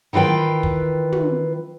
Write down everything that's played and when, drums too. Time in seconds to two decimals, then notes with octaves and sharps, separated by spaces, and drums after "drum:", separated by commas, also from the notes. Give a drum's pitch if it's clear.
0.13 D#3 E3 F4 B4 G5
0.63 drum: kick
1.12 drum: tom